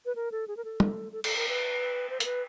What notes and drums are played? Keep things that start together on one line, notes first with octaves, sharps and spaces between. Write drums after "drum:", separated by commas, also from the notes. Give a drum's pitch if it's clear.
B4
A#4
A4
G#4
A#4
A4
drum: tom
A4
A4, drum: cymbal
A#4
B4
C5
A#4, drum: hi-hat
B4